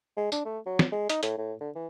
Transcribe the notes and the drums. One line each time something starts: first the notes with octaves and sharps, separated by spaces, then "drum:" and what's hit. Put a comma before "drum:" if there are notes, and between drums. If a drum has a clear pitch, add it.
G#3
D4, drum: tambourine
A3
F#3
drum: snare
G#3
D#4, drum: hi-hat
A2, drum: hi-hat
A2
D3
E3